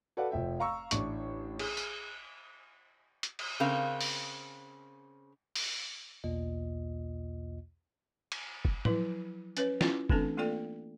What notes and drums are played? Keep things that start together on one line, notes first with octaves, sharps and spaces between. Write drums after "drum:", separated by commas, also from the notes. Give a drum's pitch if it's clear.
F#4 A4 B4 D5 F5 F#5
F1 F3 E5 G5
F5 A#5 C#6 E6
A1 D4 E4 C#6, drum: hi-hat
G#4, drum: cymbal
drum: tambourine
drum: hi-hat
drum: cymbal
C#3 C4 A#4 F5
drum: open hi-hat
drum: open hi-hat
B1 E2 B2 A#3 F4 D#5
drum: cymbal
drum: kick
F3 F#3 E4 B4, drum: tom
C#4 B4 C#5, drum: hi-hat
C#4 E4 F4, drum: snare
E3 A3 C4 D4 A4 A5, drum: kick
A3 A#3 F4 A4 D5 G5